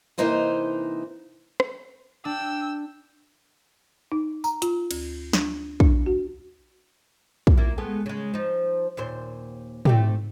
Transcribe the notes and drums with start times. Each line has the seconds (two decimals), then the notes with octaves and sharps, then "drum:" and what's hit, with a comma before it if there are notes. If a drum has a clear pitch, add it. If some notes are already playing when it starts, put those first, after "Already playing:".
0.18 C3 E3 A#3 D#4 C5 D#5
1.60 drum: rim click
2.25 D4 G5 E6
4.12 D#4
4.44 A#5, drum: tambourine
4.62 F4, drum: hi-hat
4.91 D2, drum: cymbal
5.33 D4, drum: snare
5.80 D4, drum: kick
6.06 F#4
7.47 drum: kick
7.57 A#3 E4 F4
7.78 G#3 A3 B3
8.06 C#3 G#3
8.34 F3 D#4
8.97 D#2 A#2 C5
9.85 A3 C4 G4, drum: tom